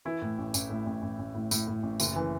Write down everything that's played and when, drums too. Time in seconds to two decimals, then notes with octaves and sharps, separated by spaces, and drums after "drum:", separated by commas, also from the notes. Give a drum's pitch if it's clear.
0.05 E3 E4
0.22 A2
0.38 A1
0.54 A1, drum: tambourine
0.70 A2
0.86 A1
1.02 A1
1.19 A1
1.35 A2
1.51 A2, drum: tambourine
1.67 A2
1.83 A1
2.00 F#1, drum: tambourine
2.16 E3